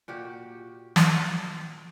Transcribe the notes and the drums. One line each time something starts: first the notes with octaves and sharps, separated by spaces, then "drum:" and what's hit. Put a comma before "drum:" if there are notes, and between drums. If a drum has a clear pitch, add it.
A#2 F#4 G4
drum: snare